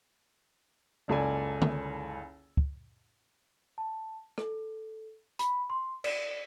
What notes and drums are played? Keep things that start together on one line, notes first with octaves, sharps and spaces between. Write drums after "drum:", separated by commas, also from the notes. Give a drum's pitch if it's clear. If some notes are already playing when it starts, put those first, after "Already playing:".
F#1 C#2 A4 D5 G#5
drum: tom D3
drum: kick
A5
A4, drum: rim click
B5, drum: hi-hat
C6
D5, drum: cymbal